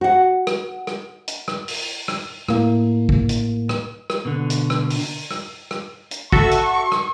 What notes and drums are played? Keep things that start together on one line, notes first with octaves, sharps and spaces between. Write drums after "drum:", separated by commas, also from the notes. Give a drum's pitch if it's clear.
F#4 F#5
drum: rim click
drum: rim click
drum: hi-hat
drum: rim click
drum: open hi-hat
drum: rim click
A2 A#3, drum: rim click
drum: kick
drum: hi-hat
drum: rim click
drum: rim click
B2 D3
drum: hi-hat
drum: rim click
drum: open hi-hat
drum: rim click
drum: rim click
drum: hi-hat
F#4 A4 E5 C#6, drum: kick
drum: hi-hat
drum: rim click